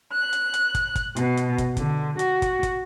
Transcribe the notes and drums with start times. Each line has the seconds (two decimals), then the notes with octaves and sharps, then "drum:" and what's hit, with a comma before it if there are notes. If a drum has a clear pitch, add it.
0.13 F#6
0.33 drum: hi-hat
0.54 drum: hi-hat
0.75 drum: kick, hi-hat
0.96 drum: kick, hi-hat
1.16 B2, drum: hi-hat
1.37 drum: hi-hat
1.58 drum: kick, hi-hat
1.77 D3, drum: kick, hi-hat
2.19 F#4, drum: hi-hat
2.42 drum: kick, hi-hat
2.63 drum: kick, hi-hat